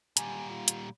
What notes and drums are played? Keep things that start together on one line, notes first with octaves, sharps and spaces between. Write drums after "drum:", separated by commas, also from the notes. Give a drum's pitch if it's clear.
A#2 G3 G#5, drum: hi-hat
F4
drum: hi-hat